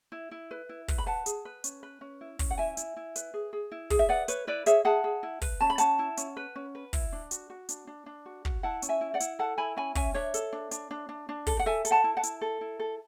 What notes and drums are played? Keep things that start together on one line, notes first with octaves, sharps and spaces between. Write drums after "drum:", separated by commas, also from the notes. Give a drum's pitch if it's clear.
E4
E4
B4
E4
B4, drum: kick, open hi-hat
B5
B4 F#5 A5
G#4, drum: hi-hat
B4
C#4, drum: hi-hat
B4
C#4
E4
C#4, drum: kick, open hi-hat
F#5
E4 E5 G#5
E4, drum: hi-hat
E4
B4, drum: hi-hat
G#4
G#4
E4
G#4, drum: kick, open hi-hat
E5
B4 D5 F#5
B4 C#5, drum: hi-hat
E4 B4 D5
G#4 C#5 E5, drum: hi-hat
G#4 F#5 A5
G#4
E4
B4, drum: kick, open hi-hat
C#4 A5
B5
C#4 F#5 A5, drum: hi-hat
E4
C#4, drum: hi-hat
B4
C#4
B4
E4, drum: kick, open hi-hat
D4
F#4, drum: hi-hat
F#4
D4, drum: hi-hat
D4
D4
F#4
F#4, drum: kick
E4 F#5 A5
C#4, drum: hi-hat
E5 G#5
E4
D5 F#5
E4, drum: hi-hat
A4 F#5 A5
E4 G#5 B5
C#4 G#5 B5
C#4 E5 G#5, drum: kick, open hi-hat
D4 C#5 E5
A4, drum: hi-hat
D4
D4, drum: hi-hat
D4
D4
D4
A4, drum: kick, open hi-hat
F#5
A4 E5 G#5
A4, drum: hi-hat
F#5 A5
E4
F#5 A5
E4, drum: hi-hat
A4
E4
A4